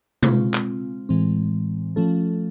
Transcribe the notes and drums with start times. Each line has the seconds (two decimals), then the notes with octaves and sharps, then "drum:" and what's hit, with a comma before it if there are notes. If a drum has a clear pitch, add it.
0.23 G#3 C4 F4, drum: tom B2
0.54 drum: clap
1.09 A2 E3 G#3 C4
1.96 F3 A3 C#4 F4 A4